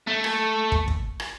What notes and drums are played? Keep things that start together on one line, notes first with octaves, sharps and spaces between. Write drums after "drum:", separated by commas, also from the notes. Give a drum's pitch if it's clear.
A3
drum: rim click
drum: kick
drum: kick
drum: rim click